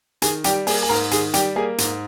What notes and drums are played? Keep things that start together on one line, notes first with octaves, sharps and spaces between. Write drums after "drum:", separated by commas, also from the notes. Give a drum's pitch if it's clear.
D#3 G#4 G#5, drum: hi-hat
G3 G4 G5, drum: hi-hat
A#3 G#4 G#5, drum: open hi-hat
G#5
G#2 A#4 A#5
D#3 G#4 G#5, drum: hi-hat
G3 G4 G5, drum: hi-hat
A#3 G#4 G#5
G#2, drum: hi-hat